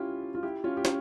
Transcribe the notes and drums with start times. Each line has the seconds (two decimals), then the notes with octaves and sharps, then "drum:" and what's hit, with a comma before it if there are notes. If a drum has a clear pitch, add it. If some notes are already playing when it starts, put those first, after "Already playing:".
Already playing: C#4 E4 F4 G4
0.35 F4
0.43 E4 G4
0.64 C#4 F4
0.77 G4
0.85 C#4 F4, drum: snare